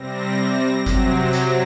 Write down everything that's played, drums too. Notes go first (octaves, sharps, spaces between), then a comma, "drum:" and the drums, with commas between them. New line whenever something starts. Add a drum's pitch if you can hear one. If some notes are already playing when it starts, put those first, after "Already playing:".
Already playing: C3 G3 C4 A#6
C3 F#3 C4, drum: kick G1, hi-hat
drum: hi-hat